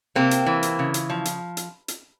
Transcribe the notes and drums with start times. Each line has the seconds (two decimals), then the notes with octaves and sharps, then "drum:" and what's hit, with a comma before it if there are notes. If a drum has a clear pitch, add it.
0.15 C3 A#3 C4
0.31 drum: hi-hat
0.46 E3
0.63 drum: hi-hat
0.79 C#3
0.94 drum: hi-hat
1.10 F3
1.25 drum: hi-hat
1.57 drum: hi-hat
1.88 drum: hi-hat